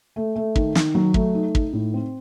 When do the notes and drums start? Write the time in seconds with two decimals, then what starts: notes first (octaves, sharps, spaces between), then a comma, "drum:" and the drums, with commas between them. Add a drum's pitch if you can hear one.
0.16 A3
0.36 A3
0.56 D#3, drum: kick
0.75 D#3, drum: snare
0.95 F#3
1.14 A3, drum: kick
1.35 D#4
1.55 D#4, drum: kick
1.73 A2
1.94 C4